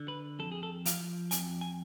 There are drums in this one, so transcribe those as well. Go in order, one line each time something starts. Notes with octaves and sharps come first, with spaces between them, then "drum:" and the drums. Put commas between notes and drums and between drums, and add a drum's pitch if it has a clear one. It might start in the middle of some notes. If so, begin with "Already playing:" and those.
Already playing: D3
B4
F2 A4
G#4
A4
F3 F5, drum: hi-hat
F2 G#5, drum: hi-hat
G#5